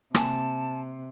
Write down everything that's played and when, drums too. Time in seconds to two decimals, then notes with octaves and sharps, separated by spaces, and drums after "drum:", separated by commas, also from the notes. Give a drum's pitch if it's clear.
0.15 C3 A#3 G#5 A5, drum: rim click